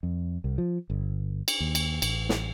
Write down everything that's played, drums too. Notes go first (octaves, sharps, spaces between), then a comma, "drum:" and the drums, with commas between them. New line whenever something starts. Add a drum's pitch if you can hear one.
F2
C2
F3
G1
drum: cymbal
D#2
drum: cymbal
A1, drum: cymbal
drum: snare